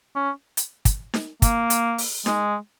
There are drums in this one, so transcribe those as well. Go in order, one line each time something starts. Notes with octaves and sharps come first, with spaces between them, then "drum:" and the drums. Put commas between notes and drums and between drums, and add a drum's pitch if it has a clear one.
C#4
drum: hi-hat
drum: kick, hi-hat
drum: snare D#4
A#3, drum: kick, hi-hat
drum: hi-hat
drum: open hi-hat
G#3, drum: snare D#4